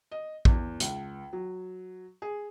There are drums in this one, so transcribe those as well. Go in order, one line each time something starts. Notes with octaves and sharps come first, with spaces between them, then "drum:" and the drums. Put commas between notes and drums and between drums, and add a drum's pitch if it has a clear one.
D#5
E2, drum: kick
C#2, drum: hi-hat
F#3
G#4